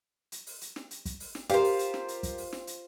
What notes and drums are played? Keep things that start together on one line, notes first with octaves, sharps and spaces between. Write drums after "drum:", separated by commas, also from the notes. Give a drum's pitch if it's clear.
drum: hi-hat
drum: open hi-hat
drum: hi-hat
drum: snare
drum: hi-hat
drum: kick, hi-hat
drum: open hi-hat
drum: snare
F4 G4 A#4 C5, drum: hi-hat
drum: open hi-hat
drum: hi-hat
drum: snare
drum: hi-hat
drum: kick, hi-hat
drum: open hi-hat
drum: snare
drum: hi-hat